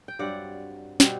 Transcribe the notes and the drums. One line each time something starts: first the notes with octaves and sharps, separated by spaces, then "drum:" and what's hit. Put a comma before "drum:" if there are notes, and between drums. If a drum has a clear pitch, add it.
G5
G2 F#3 C4 D5 F#5
B2 G3 C4, drum: snare